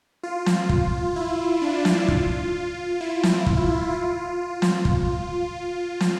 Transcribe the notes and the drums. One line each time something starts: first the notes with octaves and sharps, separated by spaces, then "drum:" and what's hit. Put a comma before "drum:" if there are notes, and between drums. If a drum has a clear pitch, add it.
F4
drum: snare
drum: kick
E4
D4
drum: snare
F4, drum: kick
E4
drum: snare
drum: kick
F4
drum: snare
drum: kick
drum: snare